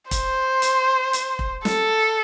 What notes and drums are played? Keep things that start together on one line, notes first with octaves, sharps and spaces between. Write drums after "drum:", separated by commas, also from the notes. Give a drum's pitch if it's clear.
C5, drum: kick, hi-hat
drum: hi-hat
drum: hi-hat
drum: kick
A4, drum: snare